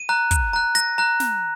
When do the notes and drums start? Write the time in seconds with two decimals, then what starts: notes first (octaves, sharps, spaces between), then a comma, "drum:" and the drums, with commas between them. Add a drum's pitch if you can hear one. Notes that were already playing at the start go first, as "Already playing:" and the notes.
Already playing: D#7
0.09 A#5 F#6
0.31 drum: kick, hi-hat
0.53 A#5 F#6
0.75 A#6, drum: hi-hat
0.98 A#5 F#6
1.20 drum: snare